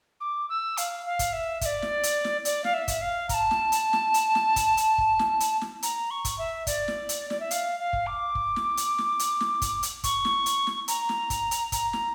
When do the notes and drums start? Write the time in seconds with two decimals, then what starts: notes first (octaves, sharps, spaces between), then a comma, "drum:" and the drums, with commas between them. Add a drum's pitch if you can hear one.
0.20 D6
0.49 E6
0.77 F5, drum: hi-hat
1.05 F5
1.19 drum: kick, hi-hat
1.33 E5
1.61 E5, drum: kick, hi-hat
1.65 D5
1.82 drum: snare
2.03 drum: hi-hat
2.24 drum: snare
2.45 D5, drum: hi-hat
2.64 F5, drum: snare
2.74 E5
2.88 drum: kick, hi-hat
3.01 F5
3.29 A#5, drum: kick, hi-hat
3.34 A5
3.51 drum: snare
3.72 drum: hi-hat
3.93 drum: snare
4.14 drum: hi-hat
4.35 drum: snare
4.56 drum: kick, hi-hat
4.77 drum: hi-hat
4.98 drum: kick
5.19 drum: snare
5.40 drum: hi-hat
5.61 drum: snare
5.82 A#5, drum: hi-hat
6.10 C#6
6.25 drum: kick, hi-hat
6.38 E5
6.67 D5, drum: kick, hi-hat
6.88 drum: snare
7.09 drum: hi-hat
7.30 D5, drum: snare
7.40 E5
7.51 F5, drum: hi-hat
7.79 F5
7.93 drum: kick
8.07 D6
8.35 drum: kick
8.56 drum: snare
8.77 drum: hi-hat
8.98 drum: snare
9.19 drum: hi-hat
9.41 drum: snare
9.62 drum: kick, hi-hat
9.83 drum: hi-hat
10.04 C#6, drum: kick, hi-hat
10.25 drum: snare
10.46 drum: hi-hat
10.67 drum: snare
10.88 A#5, drum: hi-hat
11.09 drum: snare
11.30 drum: kick, hi-hat
11.51 drum: hi-hat
11.72 A#5, drum: kick, hi-hat
11.93 drum: snare